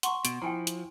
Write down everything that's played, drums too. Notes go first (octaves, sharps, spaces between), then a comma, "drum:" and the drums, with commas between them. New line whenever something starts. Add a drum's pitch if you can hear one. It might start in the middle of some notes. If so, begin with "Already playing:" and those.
F#5 A#5 C6 C#6, drum: hi-hat
B2 D7, drum: hi-hat
F3 E4 G5 G#5 A#5
drum: hi-hat